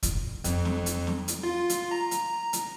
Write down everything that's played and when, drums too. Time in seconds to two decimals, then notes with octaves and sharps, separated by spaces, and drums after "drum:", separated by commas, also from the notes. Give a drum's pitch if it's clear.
0.03 drum: kick, hi-hat
0.44 F2, drum: hi-hat
0.65 drum: snare
0.86 drum: hi-hat
1.07 drum: snare
1.28 drum: hi-hat
1.43 F4
1.70 drum: hi-hat
1.91 A#5
2.11 drum: hi-hat
2.53 drum: hi-hat